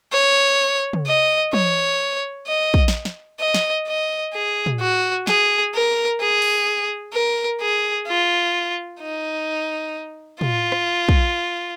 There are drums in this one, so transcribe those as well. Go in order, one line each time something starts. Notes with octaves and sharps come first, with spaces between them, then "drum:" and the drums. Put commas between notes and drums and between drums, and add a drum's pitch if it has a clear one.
C#5
drum: tom
D#5
C#5, drum: tom
D#5
drum: kick
drum: snare
drum: snare
D#5
drum: snare
D#5
G#4
drum: tom
F#4
G#4, drum: snare
A#4
G#4
drum: open hi-hat
A#4
G#4
F4
D#4
F4, drum: tom
drum: rim click
drum: kick